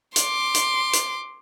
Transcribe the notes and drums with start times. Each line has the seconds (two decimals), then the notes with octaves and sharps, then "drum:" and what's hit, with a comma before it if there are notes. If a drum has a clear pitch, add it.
0.16 C6 D6, drum: hi-hat
0.54 drum: hi-hat
0.93 drum: hi-hat